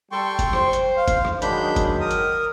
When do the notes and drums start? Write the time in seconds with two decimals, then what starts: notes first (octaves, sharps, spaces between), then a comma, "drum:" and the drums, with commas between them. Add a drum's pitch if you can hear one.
0.12 G3 A4 G5 C6 C#6
0.39 drum: kick, hi-hat
0.53 C5, drum: rim click
0.73 drum: hi-hat
0.97 F5
1.08 drum: kick, hi-hat
1.25 drum: rim click
1.42 D#3 F#3 G#3 D4 B5 G6, drum: hi-hat
1.76 drum: kick, hi-hat
2.01 A#4 D#6
2.11 drum: hi-hat